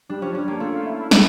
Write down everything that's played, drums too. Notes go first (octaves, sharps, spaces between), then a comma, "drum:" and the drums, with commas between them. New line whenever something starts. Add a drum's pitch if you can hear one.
G3 D4
F3 C#4
G3 C#4
A#3 D4
A3 F4
F4
E4
E4
E4, drum: snare